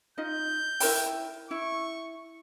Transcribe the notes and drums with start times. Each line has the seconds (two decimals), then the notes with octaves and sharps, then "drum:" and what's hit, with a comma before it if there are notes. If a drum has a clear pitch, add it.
0.18 D#4 F4 D#5 G6
0.80 E4 A#4 G5, drum: open hi-hat
1.51 E4 C#6